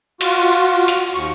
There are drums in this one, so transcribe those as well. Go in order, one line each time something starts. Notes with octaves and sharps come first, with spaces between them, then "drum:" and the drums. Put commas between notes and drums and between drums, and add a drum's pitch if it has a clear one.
F4 F#4, drum: cymbal
drum: hi-hat
D#2 C#6